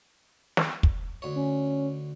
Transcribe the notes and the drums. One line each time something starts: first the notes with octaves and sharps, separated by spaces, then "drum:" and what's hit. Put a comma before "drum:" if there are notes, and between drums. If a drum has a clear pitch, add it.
drum: snare
drum: kick
D2 C#5
C#4